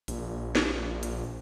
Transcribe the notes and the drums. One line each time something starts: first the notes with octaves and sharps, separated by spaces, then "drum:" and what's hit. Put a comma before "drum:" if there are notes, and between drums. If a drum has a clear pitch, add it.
A#1, drum: hi-hat
drum: snare
drum: hi-hat